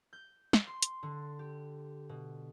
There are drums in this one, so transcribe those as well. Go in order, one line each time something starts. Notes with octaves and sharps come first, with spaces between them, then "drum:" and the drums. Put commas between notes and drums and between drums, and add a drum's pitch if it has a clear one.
G6
drum: snare
C6
drum: hi-hat
D3
G4
B2